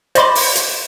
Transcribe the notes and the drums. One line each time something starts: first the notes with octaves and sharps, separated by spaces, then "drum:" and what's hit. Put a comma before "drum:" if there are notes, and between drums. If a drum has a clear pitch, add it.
C5 D5 D#5 B5 C6 D6, drum: hi-hat
drum: open hi-hat
drum: hi-hat